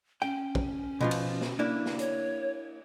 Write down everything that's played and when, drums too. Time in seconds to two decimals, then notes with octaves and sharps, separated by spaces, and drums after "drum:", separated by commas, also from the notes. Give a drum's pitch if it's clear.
0.22 C#4 G5
0.55 drum: kick
1.01 B2 F3 F4
1.11 drum: cymbal
1.41 drum: snare
1.59 A#3 D4 E4
1.86 drum: snare
1.99 C#5, drum: hi-hat